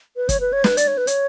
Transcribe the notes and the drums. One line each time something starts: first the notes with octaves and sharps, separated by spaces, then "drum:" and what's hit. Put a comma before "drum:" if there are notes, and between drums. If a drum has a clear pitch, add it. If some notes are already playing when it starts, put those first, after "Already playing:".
B4
C#5, drum: kick, hi-hat
B4
C#5
B4, drum: snare
D5, drum: hi-hat
C#5
B4
C#5, drum: hi-hat